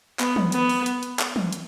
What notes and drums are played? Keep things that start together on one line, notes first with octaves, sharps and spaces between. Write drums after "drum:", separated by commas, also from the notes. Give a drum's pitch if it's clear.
B3, drum: clap
drum: tom
B3, drum: hi-hat
drum: open hi-hat
drum: hi-hat
drum: hi-hat
drum: clap
drum: tom
drum: hi-hat